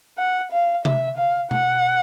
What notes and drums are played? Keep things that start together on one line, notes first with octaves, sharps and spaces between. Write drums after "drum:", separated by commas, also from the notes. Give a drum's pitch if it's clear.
F#5
F5
E5, drum: tom C3
F5
F#5, drum: tom B2